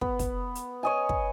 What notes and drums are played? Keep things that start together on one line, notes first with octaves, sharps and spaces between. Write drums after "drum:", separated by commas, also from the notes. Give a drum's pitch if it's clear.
B3, drum: kick
drum: kick, hi-hat
drum: hi-hat
C#5 D#5 G#5
drum: kick